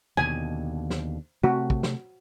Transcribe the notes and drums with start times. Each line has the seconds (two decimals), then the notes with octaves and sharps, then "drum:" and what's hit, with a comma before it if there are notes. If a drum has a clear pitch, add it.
0.17 D#2 B2 D3 G#5
0.90 drum: snare
1.43 C3 A3 C4 F#4
1.70 drum: kick
1.83 drum: snare